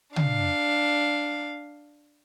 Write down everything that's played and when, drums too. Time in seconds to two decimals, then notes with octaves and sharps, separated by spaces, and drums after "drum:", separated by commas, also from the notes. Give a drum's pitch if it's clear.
0.16 D4 F5, drum: tom